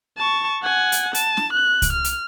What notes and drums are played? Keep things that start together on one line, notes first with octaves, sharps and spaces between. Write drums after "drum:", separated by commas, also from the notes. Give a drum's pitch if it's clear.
A5 C#6
F#5 G#5
drum: hi-hat
A5, drum: hi-hat
drum: snare
F#6
drum: kick C2, hi-hat
F6
drum: hi-hat